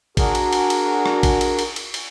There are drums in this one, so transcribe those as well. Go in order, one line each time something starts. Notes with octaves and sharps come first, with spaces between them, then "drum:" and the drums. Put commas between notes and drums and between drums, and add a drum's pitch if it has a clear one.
D4 F#4 G#4 A#4, drum: kick A1, cymbal
drum: cymbal
drum: cymbal
drum: cymbal
drum: rim click
drum: kick A1, cymbal
drum: cymbal
drum: cymbal
drum: cymbal
drum: cymbal